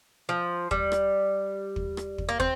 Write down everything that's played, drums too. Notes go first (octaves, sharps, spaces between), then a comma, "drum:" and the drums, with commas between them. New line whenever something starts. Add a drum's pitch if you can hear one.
F3
G3, drum: kick
drum: rim click
drum: kick
drum: rim click
drum: kick
A#3
C4, drum: kick